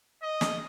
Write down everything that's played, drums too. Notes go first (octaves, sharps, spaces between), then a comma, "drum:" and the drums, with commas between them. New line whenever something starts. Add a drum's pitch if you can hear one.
D#5
drum: snare